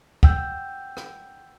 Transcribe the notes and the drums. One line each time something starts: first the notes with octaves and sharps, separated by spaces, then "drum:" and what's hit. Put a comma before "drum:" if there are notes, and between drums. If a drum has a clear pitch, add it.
F#5 G5 E6 G6, drum: kick
drum: rim click